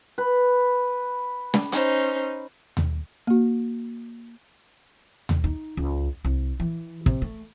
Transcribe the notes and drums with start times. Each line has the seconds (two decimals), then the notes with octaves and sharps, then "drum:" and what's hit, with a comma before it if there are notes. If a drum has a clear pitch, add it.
0.18 B4
1.54 drum: snare
1.72 C#4 D#4 C5, drum: hi-hat
2.77 drum: tom D#2
3.27 A#3 F#4
5.29 drum: tom D#2
5.44 D#4
5.77 C#2
6.25 C2
6.60 E3
7.06 C3, drum: kick
7.22 A3